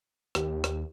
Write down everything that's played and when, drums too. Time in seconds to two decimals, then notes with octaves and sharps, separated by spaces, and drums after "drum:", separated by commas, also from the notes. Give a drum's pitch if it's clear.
0.35 D#2 G4, drum: rim click
0.64 drum: rim click